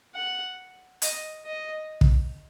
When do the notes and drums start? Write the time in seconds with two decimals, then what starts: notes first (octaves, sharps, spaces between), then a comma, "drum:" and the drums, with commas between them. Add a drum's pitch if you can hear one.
0.15 F#5
1.02 D#5, drum: hi-hat
1.45 D#5
2.01 drum: kick